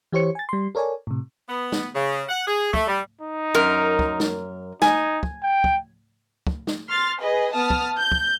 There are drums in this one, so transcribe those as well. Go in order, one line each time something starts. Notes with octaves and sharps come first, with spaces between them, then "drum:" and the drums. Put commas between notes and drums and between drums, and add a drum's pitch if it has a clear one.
E3 G4 C5 C#5 C#7
G#5 A6
G3 C6
A4 A#4 C#5 D5 G#5
A2 C3
B3
drum: snare
C#3
F#5
G#4
A3, drum: kick
G3
D#4
F#2 A#4
drum: kick
drum: snare
D#4 G#5, drum: snare
drum: kick
G5
drum: kick
drum: kick
drum: snare
C6 F6 A6
G#4 B4 D#5
B3 A5 D#6 F6
drum: kick
G6
drum: kick